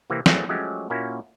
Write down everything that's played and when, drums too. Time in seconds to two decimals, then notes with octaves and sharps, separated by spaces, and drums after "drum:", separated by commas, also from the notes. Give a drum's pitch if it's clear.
0.10 C3 E3 A#3 C4
0.26 E3 F#3 A3 C4 G#4, drum: snare
0.49 F3 F#3 G#3 A3 C#4 G4
0.90 A#2 A#3 C#4 E4 F#4